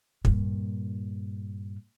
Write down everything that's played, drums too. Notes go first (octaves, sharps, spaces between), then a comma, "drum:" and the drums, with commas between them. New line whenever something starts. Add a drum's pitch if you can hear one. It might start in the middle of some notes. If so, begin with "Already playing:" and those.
G2 A#2, drum: kick